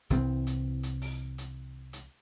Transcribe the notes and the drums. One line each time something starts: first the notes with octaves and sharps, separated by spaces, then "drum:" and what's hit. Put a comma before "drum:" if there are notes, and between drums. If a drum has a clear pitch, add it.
C2 E3 C4, drum: hi-hat
drum: hi-hat
drum: hi-hat
drum: open hi-hat
drum: hi-hat
drum: hi-hat